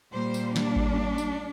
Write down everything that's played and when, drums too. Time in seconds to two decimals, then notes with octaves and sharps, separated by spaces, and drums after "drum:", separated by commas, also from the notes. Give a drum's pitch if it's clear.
0.13 A#2 G3 A#3 C5
0.34 drum: tambourine
0.56 D4, drum: snare
0.76 drum: kick G#1
1.18 drum: tambourine